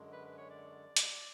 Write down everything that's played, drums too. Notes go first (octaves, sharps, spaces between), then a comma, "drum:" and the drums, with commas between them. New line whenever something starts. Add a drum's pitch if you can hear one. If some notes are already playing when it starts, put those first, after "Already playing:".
Already playing: F#2 D3 G#3
B4
B4
C#5
D5
drum: hi-hat